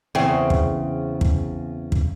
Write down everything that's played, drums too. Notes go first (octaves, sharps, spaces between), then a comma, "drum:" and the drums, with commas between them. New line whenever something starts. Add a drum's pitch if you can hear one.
E2 C#3 C4
drum: kick
drum: kick
drum: kick